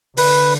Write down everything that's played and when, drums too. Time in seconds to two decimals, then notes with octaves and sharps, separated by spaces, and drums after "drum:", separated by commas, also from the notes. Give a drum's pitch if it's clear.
0.17 D3 B4, drum: open hi-hat